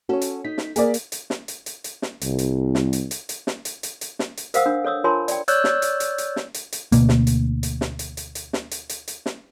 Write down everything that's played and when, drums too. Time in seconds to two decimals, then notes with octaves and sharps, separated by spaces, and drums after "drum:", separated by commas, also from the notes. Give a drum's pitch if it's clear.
0.09 C#4 F#4 A4 C#5
0.22 drum: hi-hat
0.45 D#4 B6
0.58 drum: snare
0.76 A#3 G#4 A#4 D5, drum: hi-hat
0.94 drum: hi-hat
1.12 drum: hi-hat
1.30 drum: snare
1.48 drum: hi-hat
1.66 drum: hi-hat
1.84 drum: hi-hat
2.02 drum: snare
2.21 C2, drum: hi-hat
2.39 drum: hi-hat
2.75 drum: snare
2.93 drum: hi-hat
3.11 drum: hi-hat
3.29 drum: hi-hat
3.47 drum: snare
3.65 drum: hi-hat
3.83 drum: hi-hat
4.01 drum: hi-hat
4.19 drum: snare
4.37 drum: hi-hat
4.54 A#4 C5 F5 F#5 D#6 E6, drum: hi-hat
4.66 D4
4.84 A4 C#5 D#6 E6
5.04 F4 A#4 C#5 G#5 A5 C6
5.28 D5 G5, drum: hi-hat
5.48 C#5 D5 E6 F#6 G6, drum: hi-hat
5.64 drum: snare
5.82 drum: hi-hat
6.00 drum: hi-hat
6.18 drum: hi-hat
6.36 drum: snare
6.54 drum: hi-hat
6.72 drum: hi-hat
6.92 D2 B2 A#3, drum: hi-hat
7.09 drum: snare
7.27 drum: hi-hat
7.63 drum: hi-hat
7.81 drum: snare
7.99 drum: hi-hat
8.17 drum: hi-hat
8.35 drum: hi-hat
8.53 drum: snare
8.71 drum: hi-hat
8.89 drum: hi-hat
9.08 drum: hi-hat
9.26 drum: snare